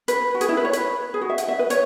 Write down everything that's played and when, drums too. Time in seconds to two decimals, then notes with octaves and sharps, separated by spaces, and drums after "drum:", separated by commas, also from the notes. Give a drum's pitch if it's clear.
0.08 B4, drum: hi-hat
0.34 F#4
0.41 G#4, drum: hi-hat
0.49 E4
0.57 B4
0.65 C#5
0.73 B4, drum: hi-hat
1.14 G#4
1.21 F#4
1.30 E5
1.38 F#5, drum: hi-hat
1.48 E5
1.59 B4
1.70 C#5, drum: hi-hat